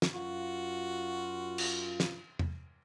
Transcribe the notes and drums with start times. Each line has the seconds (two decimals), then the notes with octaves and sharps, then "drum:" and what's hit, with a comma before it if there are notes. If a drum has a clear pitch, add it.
0.02 drum: snare
0.14 F#2 F4 F#4
1.58 drum: cymbal
2.00 drum: snare
2.39 drum: tom E2